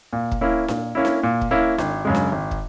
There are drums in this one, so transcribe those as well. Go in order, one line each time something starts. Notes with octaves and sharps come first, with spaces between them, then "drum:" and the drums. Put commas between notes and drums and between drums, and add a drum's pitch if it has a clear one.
A#2
drum: kick
A#3 C#4 E4
A#2, drum: snare D4
A#3 C#4 E4
drum: snare D4
A#2
drum: kick
A#3 C#4 E4
G#1, drum: snare D4
F#2 C#3 G#3
drum: snare D4
G#1
drum: kick